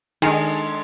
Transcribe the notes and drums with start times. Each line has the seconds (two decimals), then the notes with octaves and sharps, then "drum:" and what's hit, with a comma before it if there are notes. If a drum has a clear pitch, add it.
0.22 D#3 G#3 D4 G#4 A4, drum: cymbal